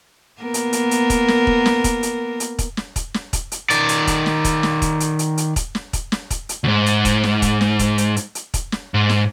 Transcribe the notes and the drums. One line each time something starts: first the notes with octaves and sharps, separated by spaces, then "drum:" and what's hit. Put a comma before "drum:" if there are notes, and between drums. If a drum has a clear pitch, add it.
A#3 B3 A#4
drum: hi-hat
drum: hi-hat
drum: hi-hat
drum: kick, hi-hat
drum: snare
drum: kick
drum: snare
drum: kick, hi-hat
drum: hi-hat
drum: hi-hat
drum: kick, hi-hat
drum: snare
drum: kick, hi-hat
drum: snare
drum: kick, hi-hat
drum: hi-hat
D#3 D5, drum: hi-hat
drum: hi-hat
drum: kick, hi-hat
drum: snare
drum: kick, hi-hat
drum: snare
drum: kick, hi-hat
drum: hi-hat
drum: hi-hat
drum: hi-hat
drum: kick, hi-hat
drum: snare
drum: kick, hi-hat
drum: snare
drum: kick, hi-hat
drum: hi-hat
D2 G#2
drum: hi-hat
drum: kick, hi-hat
drum: snare
drum: kick, hi-hat
drum: snare
drum: kick, hi-hat
drum: hi-hat
drum: hi-hat
drum: hi-hat
drum: kick, hi-hat
drum: snare
G#2
drum: snare